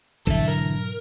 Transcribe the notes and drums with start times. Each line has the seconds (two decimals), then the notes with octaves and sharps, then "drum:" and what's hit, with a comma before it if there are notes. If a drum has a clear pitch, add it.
0.27 G#2 B2 D3 E3 F#3 A4 E5, drum: kick G1
0.48 A#4